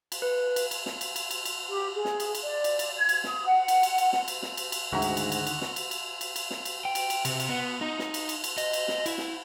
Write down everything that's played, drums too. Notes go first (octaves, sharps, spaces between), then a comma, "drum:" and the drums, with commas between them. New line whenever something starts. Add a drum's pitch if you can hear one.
drum: cymbal
B4
drum: cymbal
drum: cymbal
drum: snare
drum: cymbal
drum: cymbal
drum: cymbal
drum: cymbal
G4
G#4
drum: snare
drum: cymbal
drum: cymbal
D5
drum: cymbal
drum: cymbal
G#6
drum: cymbal
D#6, drum: snare
F#5
drum: cymbal
drum: cymbal
drum: cymbal
drum: snare
drum: cymbal
drum: snare
drum: cymbal
drum: cymbal
D2 G#2 D3 D#3 F#4 E5 A#5
drum: cymbal
drum: cymbal
drum: cymbal
drum: cymbal
drum: snare
drum: cymbal
drum: cymbal
drum: cymbal
drum: cymbal
drum: snare
drum: cymbal
G5
drum: cymbal
drum: cymbal
C3, drum: cymbal
drum: cymbal
B3
D#4
drum: snare
drum: cymbal
drum: cymbal
drum: cymbal
D#5, drum: cymbal
drum: cymbal
drum: snare
E4, drum: cymbal
drum: snare